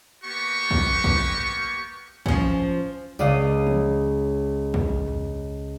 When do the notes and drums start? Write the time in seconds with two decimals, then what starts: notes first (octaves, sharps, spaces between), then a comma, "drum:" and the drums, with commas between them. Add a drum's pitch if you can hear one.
0.23 A#3 B3 G4 C#6
0.71 drum: kick
1.04 drum: kick
2.26 F3 C#4, drum: kick
3.19 C#2 D5 F5 D#6, drum: tambourine
3.67 drum: tom E3
4.74 drum: kick
5.08 drum: tom E2